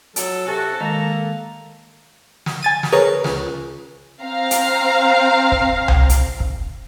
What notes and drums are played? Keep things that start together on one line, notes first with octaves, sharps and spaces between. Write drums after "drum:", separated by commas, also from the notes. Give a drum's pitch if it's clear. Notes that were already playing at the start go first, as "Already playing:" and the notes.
F#3 A4, drum: hi-hat
C3 F#4 A4 G#5 A6
D#3 G#3 A#3 A#5
drum: snare
G#5 A6 D#7
drum: snare
G#4 A#4 B4 C#5
C#2, drum: snare
C4 F5 A#5
drum: hi-hat
drum: kick
drum: tom C2
drum: hi-hat
drum: kick